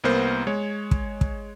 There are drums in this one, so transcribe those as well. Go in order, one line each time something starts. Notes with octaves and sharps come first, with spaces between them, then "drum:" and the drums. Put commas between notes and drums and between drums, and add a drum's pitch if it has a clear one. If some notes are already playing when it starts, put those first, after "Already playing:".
C2 A#3 B3 A#4 C5
G#3 C#5
drum: kick
drum: kick